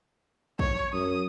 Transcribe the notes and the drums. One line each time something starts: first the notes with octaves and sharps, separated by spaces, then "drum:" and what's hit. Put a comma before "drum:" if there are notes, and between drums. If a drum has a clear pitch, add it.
C#5, drum: kick
F#2 D#6